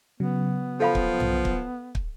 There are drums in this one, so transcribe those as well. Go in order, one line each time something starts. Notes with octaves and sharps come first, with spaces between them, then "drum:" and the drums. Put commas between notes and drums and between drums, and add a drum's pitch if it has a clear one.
C#3 F#3 B3
F3 A4 F5 B5
drum: kick
drum: tom B1
drum: kick
drum: kick